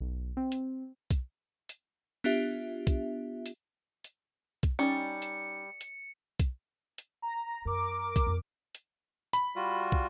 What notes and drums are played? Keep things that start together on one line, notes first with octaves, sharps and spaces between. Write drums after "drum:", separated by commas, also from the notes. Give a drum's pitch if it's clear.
B1
C4
drum: hi-hat
drum: kick, hi-hat
drum: hi-hat
B3 D4 F4 G4 E5
drum: kick, hi-hat
drum: hi-hat
drum: hi-hat
drum: kick, hi-hat
G3 C#4 D#4 D5 C#7
drum: hi-hat
drum: hi-hat
drum: kick, hi-hat
drum: hi-hat
A#5
F#2 A#4 D6
drum: kick, hi-hat
F2 C4
drum: hi-hat
B5, drum: hi-hat
G3 F4 F#4
drum: kick